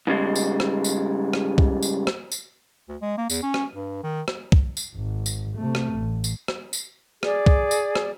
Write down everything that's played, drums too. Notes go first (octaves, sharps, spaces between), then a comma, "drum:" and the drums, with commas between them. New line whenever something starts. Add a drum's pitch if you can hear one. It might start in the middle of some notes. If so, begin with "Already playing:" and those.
G#2 C#3 G3 G#3
drum: tambourine
drum: rim click
drum: tambourine
drum: rim click
drum: kick
drum: tambourine
drum: rim click
drum: tambourine
D2
G#3
A#3
E2, drum: tambourine
C#4
drum: rim click
G2
D#3
drum: rim click
drum: kick
drum: tambourine
G#1
drum: tambourine
C3 A3
drum: rim click
A1
drum: tambourine
drum: rim click
drum: tambourine
G#4 D5, drum: rim click
drum: kick
drum: tambourine
drum: rim click